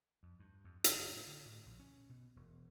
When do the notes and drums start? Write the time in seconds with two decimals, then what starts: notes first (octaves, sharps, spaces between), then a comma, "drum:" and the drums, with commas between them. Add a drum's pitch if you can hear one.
0.23 F2
0.40 G2
0.64 F2
0.84 F#1, drum: hi-hat
1.12 A2
1.27 D3
1.46 A2
1.66 A#1
1.79 C#4
2.09 B2
2.36 E1